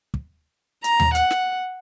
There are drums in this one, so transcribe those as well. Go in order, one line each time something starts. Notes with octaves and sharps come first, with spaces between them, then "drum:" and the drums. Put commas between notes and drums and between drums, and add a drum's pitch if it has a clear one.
drum: kick
A#5, drum: hi-hat
drum: tom D#2
F#5, drum: hi-hat
drum: snare